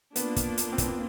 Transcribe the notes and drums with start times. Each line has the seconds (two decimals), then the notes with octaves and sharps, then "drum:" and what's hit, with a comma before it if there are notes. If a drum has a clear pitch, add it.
0.16 A#3 B3 D4 F4, drum: hi-hat
0.36 drum: kick, hi-hat
0.58 drum: hi-hat
0.73 C4
0.78 B3, drum: kick, hi-hat